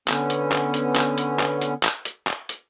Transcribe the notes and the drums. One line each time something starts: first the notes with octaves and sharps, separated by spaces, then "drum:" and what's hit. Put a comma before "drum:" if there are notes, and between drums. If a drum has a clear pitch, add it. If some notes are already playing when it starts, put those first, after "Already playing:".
D3 B3 C#4, drum: clap
drum: hi-hat
drum: clap
drum: hi-hat
drum: clap
drum: hi-hat
drum: clap
drum: hi-hat
drum: clap
drum: hi-hat
drum: clap
drum: hi-hat